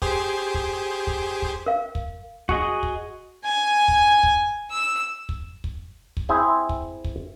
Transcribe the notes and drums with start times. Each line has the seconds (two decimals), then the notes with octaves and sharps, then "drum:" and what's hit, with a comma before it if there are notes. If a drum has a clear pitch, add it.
0.02 G4 G#4 C5, drum: kick
0.54 drum: kick
1.07 drum: kick
1.42 drum: kick
1.66 A#4 F5
1.95 drum: kick
2.49 F#4 G#4 D#5, drum: kick
2.83 drum: kick
3.44 G#5
3.88 drum: kick
4.23 drum: kick
4.71 E6
5.29 drum: kick
5.64 drum: kick
6.17 drum: kick
6.29 C4 E4 G#4 C5 E5
6.69 drum: kick
7.05 drum: kick